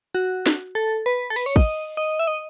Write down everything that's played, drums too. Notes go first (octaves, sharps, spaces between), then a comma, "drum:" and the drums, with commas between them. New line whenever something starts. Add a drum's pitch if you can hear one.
F#4
drum: snare
A4
B4
A4
B4, drum: cymbal
C#5
D#5, drum: kick
D#5
E5
D#5